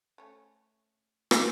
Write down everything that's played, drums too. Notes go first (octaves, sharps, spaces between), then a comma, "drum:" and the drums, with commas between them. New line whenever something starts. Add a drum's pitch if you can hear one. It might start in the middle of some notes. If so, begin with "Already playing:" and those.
A3 C#4
drum: rim click